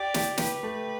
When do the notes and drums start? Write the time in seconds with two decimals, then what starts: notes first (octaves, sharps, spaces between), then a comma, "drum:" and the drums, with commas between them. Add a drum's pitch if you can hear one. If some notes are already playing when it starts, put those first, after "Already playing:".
Already playing: G4 D5
0.14 G4, drum: snare
0.38 G4 B4, drum: snare
0.63 A3